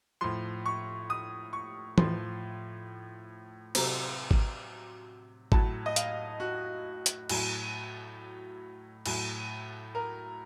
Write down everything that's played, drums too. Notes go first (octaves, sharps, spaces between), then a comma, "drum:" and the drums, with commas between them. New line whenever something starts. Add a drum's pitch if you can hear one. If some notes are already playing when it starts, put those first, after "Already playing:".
A2 F3 C6
C#6
D#6
C#6
A2 F3 C6, drum: tom E3
C3 F#3 A#5, drum: cymbal
drum: kick G#1
A2 F#3 A5, drum: kick G#1
D#5
F5, drum: hi-hat
F#4
drum: hi-hat
A2 F#3, drum: cymbal
A2 F#3, drum: cymbal
A#4